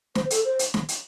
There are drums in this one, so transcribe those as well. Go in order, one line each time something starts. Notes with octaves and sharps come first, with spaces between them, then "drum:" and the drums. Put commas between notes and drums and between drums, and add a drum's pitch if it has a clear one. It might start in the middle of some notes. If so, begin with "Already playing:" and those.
C5, drum: snare
A4, drum: hi-hat
C5
drum: hi-hat
drum: snare
drum: hi-hat